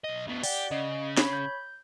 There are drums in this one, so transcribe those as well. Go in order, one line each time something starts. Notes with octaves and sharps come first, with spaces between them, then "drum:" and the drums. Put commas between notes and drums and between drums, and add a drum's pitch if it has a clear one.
B1 D#5
D2 B2
G4 D5 F#5, drum: open hi-hat
C#3 D#5
C#5 B5, drum: snare
G6